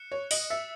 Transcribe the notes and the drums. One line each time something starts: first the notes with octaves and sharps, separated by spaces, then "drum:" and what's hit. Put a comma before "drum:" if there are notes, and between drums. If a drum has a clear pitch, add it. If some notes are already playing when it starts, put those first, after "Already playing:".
Already playing: F#6 C#7 E7
C#5
D#5, drum: open hi-hat
E5 E6 A6 C#7